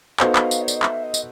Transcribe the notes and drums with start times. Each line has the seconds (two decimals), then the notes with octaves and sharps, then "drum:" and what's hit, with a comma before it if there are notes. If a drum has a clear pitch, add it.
0.20 B3 D#4 F#4 A4 C5 F5, drum: clap
0.36 drum: clap
0.51 drum: tambourine
0.61 C#5
0.68 D5, drum: tambourine
0.75 D#5
0.83 E5, drum: clap
1.03 D#5
1.14 drum: tambourine